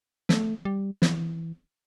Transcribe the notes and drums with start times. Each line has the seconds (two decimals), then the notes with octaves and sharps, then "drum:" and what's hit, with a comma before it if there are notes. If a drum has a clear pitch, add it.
0.29 A3, drum: snare
0.65 G3
1.02 E3, drum: snare